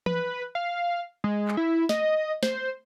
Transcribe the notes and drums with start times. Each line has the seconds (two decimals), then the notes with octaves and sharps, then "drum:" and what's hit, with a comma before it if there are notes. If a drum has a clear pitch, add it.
0.06 B4, drum: tom E3
0.55 F5
1.24 G#3
1.48 drum: clap
1.57 E4
1.89 D#5, drum: snare
2.43 C5, drum: snare